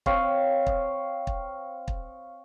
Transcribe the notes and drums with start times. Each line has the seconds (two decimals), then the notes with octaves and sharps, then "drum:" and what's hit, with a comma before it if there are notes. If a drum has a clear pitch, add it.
0.06 C4 C#5 F5, drum: kick
0.67 drum: kick
1.27 drum: kick
1.88 drum: kick